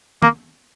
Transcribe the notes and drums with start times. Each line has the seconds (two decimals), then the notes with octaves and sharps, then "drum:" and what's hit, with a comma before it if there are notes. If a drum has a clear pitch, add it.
0.22 A#3, drum: tom